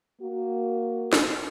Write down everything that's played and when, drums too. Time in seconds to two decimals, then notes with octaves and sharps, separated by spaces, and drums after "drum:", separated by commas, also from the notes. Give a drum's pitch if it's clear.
0.22 A#3 F#4
1.13 drum: snare